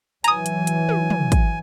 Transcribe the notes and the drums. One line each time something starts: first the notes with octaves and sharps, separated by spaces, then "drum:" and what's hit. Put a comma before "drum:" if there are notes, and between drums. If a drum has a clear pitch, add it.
E3 F#3 G#5 A#5 D#6, drum: hi-hat
drum: hi-hat
drum: hi-hat
drum: tom
drum: tom
drum: kick, hi-hat